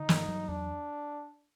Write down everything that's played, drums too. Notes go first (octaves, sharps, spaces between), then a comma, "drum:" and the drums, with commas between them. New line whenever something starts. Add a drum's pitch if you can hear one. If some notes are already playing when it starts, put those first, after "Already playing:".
Already playing: D3 D#4
G2, drum: snare
F#3
E2 D4